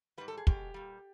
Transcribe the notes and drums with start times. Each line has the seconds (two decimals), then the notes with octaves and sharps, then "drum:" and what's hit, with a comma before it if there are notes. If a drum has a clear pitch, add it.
0.18 G#2 D#3 G3 B4
0.28 A4
0.37 G#4
0.47 B2 G#3 G4, drum: kick
0.74 A#2 G3